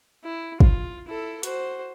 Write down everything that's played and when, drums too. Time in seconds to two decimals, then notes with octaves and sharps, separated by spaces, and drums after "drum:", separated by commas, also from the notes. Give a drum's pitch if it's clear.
0.23 E4
0.60 F4, drum: kick
1.08 E4 A4
1.43 F#4 C5, drum: hi-hat